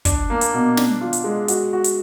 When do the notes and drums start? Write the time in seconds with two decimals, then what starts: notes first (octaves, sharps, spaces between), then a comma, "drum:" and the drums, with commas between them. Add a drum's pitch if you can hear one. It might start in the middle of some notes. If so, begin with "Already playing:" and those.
0.05 D4, drum: kick, hi-hat
0.30 A#3
0.41 drum: hi-hat
0.53 B2
0.77 D4, drum: snare
1.01 F4
1.13 drum: hi-hat
1.24 G#3
1.48 F#4, drum: hi-hat
1.73 F#4
1.84 drum: hi-hat